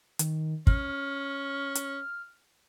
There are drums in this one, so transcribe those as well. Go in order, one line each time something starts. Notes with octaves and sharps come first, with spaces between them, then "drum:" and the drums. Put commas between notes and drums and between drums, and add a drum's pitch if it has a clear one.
D#3, drum: hi-hat
C#4 F6, drum: kick
drum: hi-hat